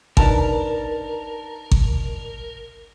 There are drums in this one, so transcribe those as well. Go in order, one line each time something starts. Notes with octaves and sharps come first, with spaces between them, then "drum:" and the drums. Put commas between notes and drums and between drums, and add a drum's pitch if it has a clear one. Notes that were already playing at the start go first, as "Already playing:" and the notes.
D4 D#4 A#4 B4 A5, drum: kick G#1
drum: kick G#1